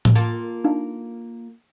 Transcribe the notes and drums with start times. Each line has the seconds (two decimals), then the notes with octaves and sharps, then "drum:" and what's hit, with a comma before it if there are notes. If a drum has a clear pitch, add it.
0.05 drum: tom
0.15 A#3 F4 A4
0.64 D4 D#4 F5